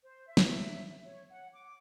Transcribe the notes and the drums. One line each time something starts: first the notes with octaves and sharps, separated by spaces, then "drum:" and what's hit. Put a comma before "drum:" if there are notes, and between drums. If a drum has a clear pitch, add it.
C5
E5
drum: snare
C#5
F#5
D6